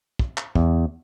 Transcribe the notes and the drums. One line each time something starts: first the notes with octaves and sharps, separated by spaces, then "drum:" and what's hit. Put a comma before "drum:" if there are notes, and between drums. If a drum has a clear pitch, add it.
drum: kick
drum: clap
E2, drum: kick